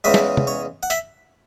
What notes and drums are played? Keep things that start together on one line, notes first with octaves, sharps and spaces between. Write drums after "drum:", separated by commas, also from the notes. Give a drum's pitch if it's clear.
E2 C#3 G#3 E5
drum: snare
drum: tom
C#5
F#5
E5, drum: hi-hat